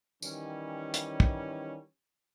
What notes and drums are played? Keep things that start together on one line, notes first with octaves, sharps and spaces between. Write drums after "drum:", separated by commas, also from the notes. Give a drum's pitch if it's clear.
D#3 E3 G3 C#4, drum: tambourine
drum: hi-hat
drum: kick